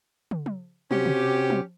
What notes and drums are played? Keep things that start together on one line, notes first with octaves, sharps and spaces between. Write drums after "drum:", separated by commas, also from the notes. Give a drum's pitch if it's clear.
drum: tom
drum: tom
C3 C4 C#4 F#4 G4, drum: tom
drum: tom
drum: tom